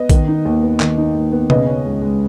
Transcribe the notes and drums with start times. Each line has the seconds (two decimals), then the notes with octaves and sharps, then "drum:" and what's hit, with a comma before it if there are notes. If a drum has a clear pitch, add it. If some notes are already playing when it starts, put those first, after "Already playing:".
Already playing: B3 B4 D#5
0.10 D#3, drum: kick A#1, hi-hat
0.28 D#4
0.45 D#2
0.62 B3
0.80 D#3, drum: clap
0.97 D#4
1.14 D#2
1.32 B3
1.50 C#3 B4 D#5, drum: tom B2
1.66 C#4
1.85 C#2
2.02 G#3